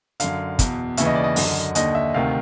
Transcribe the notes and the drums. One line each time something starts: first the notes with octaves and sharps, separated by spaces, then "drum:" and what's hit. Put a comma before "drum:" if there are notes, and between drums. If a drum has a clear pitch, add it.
F#2 D3 F5, drum: hi-hat
E2 B2, drum: kick, hi-hat
D#2 C#3 E3 E5, drum: hi-hat
D#5
D5
D#5
F#2 D3, drum: open hi-hat
D#2 D3 D#5, drum: hi-hat
E5
D2 C3 D#3 F5